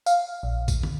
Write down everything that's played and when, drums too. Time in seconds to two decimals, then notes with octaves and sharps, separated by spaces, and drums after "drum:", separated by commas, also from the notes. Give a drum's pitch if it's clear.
0.06 F5, drum: tambourine
0.43 A#1
0.68 drum: kick, tambourine
0.83 drum: tom